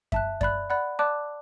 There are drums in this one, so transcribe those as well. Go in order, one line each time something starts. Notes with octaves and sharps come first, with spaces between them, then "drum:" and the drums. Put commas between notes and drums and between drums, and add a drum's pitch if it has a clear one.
E5 A5 F#6, drum: kick F#2
D5 B5 F#6, drum: kick F#2
D5 F#5 B5 F#6
D5 A5 D6 F#6